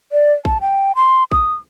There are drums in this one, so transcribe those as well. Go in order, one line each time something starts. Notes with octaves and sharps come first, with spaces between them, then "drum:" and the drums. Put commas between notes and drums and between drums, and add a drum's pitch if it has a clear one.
D5
A5, drum: kick
G5
C6
D#6, drum: kick